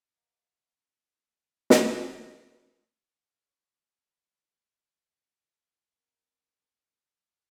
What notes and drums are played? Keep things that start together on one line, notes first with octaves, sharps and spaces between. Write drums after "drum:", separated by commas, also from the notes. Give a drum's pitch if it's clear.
B4 D#5 F5 F#5 A#5 D6
C#4
drum: snare
B6
B4
E6
C#2
C#5
F6
B5
C4 A#4